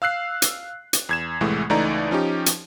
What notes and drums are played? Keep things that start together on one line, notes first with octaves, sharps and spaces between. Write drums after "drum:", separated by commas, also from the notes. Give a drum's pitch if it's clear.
F5 E6 F#6 C7
drum: hi-hat
drum: hi-hat
E2 G#6 E7
C2 A2 E3 G#3 A3
C#2 E3 A3 D#4 D5 A#5
F3 C#4 D#4 G4
drum: hi-hat